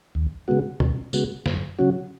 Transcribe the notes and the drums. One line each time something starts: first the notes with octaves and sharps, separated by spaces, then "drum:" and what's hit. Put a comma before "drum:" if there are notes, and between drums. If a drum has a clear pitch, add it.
D#2
C#3 G#3 B3 F#4
D#2, drum: tom
C#3 G#3 B3 F#4, drum: tambourine
F#2, drum: snare
C#3 F#3 C#4 F#4